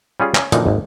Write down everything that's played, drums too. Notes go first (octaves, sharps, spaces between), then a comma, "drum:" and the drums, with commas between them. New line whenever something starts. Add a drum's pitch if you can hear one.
G3 C#4 F4 G#4
C#4 G#5, drum: clap
F#2 A#2 D3 E3 F3 D#4, drum: hi-hat
G#1 D#2